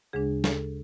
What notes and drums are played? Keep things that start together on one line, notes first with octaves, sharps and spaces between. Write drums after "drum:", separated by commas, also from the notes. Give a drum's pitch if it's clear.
D2 C#3 G#3 D4 G#4
A4, drum: snare